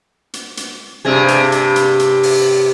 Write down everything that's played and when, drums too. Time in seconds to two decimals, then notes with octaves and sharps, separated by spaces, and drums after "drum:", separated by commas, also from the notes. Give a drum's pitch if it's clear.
0.34 drum: hi-hat
0.57 drum: hi-hat
1.05 G2 C3 G#4
1.28 drum: hi-hat
1.52 drum: hi-hat
1.76 drum: hi-hat
1.99 drum: hi-hat
2.23 drum: open hi-hat